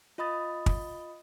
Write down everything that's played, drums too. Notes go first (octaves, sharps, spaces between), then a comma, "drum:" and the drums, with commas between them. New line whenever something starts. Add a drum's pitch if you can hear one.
F4 D#5 B5 D#6 A6
drum: kick